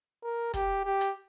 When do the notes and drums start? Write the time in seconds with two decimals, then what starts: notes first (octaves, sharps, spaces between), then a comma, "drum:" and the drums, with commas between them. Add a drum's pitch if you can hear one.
0.23 A#4
0.54 G4, drum: kick, hi-hat
0.85 G4
1.01 drum: hi-hat